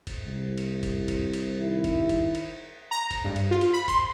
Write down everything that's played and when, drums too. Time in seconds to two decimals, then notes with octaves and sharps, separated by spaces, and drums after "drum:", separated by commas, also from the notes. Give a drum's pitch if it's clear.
0.07 drum: kick, cymbal
0.24 C2
0.58 drum: cymbal
0.83 drum: kick, cymbal
1.08 drum: kick, cymbal
1.33 drum: cymbal
1.59 D#3 E4
1.84 drum: kick, cymbal
2.09 drum: kick, cymbal
2.35 drum: cymbal
2.91 A#5
3.11 drum: kick, cymbal
3.25 G2
3.36 drum: cymbal
3.51 F4
3.61 drum: cymbal
3.73 B5
3.88 C6, drum: kick, cymbal